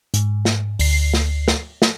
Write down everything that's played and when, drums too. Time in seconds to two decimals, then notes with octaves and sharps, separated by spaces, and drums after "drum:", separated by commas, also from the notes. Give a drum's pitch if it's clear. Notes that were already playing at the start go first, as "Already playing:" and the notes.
0.14 G#2, drum: hi-hat
0.45 drum: snare
0.79 D2 C7, drum: open hi-hat
1.14 drum: snare
1.48 drum: snare
1.82 drum: snare